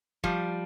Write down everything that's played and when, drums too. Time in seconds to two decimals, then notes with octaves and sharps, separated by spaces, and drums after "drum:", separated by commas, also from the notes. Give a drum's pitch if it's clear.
0.24 F3 G3, drum: kick